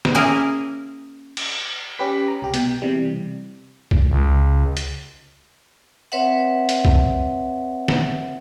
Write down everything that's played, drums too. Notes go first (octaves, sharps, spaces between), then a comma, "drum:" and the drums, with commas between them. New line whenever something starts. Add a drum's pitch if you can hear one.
drum: snare
A#3 C#4 E4 G#4 A#4
drum: cymbal
C#4 G4 B4 B6
A#5
C2 G4
B2 G5, drum: hi-hat
C3 E3 G3
drum: kick C2
C#2
drum: hi-hat
C4 B4 C#5 E5 F#5
drum: hi-hat
drum: kick C2
drum: snare